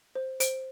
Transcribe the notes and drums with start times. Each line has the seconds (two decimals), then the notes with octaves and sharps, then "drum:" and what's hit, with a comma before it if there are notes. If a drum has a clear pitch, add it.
0.15 C5
0.40 C5 D7, drum: hi-hat